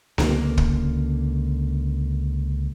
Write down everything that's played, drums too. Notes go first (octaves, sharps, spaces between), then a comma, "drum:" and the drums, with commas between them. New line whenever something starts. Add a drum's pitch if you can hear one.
C#2 D3 F3 A#3, drum: snare B3
drum: kick